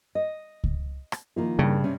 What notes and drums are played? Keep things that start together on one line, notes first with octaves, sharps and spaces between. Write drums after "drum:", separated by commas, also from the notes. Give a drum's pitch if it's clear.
D#5
drum: kick C#2
drum: rim click
D#3 F3 A#3 E4
G2 C#3
C3 C#4